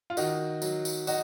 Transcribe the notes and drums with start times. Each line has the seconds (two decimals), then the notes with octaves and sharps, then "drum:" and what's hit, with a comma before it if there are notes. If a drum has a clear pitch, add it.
0.10 F4
0.17 D#3 D#4 F#4, drum: tambourine
0.62 F#3, drum: tambourine
0.85 drum: tambourine
1.07 D#4 F#4, drum: tambourine